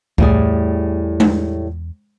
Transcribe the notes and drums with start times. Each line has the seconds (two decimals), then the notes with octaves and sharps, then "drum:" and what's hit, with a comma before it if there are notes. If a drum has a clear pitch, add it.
0.18 E2 A2 G3 G#4, drum: kick C#2
1.20 drum: tom G#3